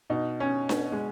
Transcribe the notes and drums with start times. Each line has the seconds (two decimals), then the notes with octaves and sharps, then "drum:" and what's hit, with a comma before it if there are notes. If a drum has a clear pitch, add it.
0.10 B2 D#4
0.40 C#4
0.69 B3, drum: snare D4
0.92 G#3